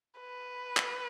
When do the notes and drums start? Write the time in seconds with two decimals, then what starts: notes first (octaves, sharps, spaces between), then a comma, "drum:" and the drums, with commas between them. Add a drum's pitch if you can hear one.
0.20 B4
0.77 drum: clap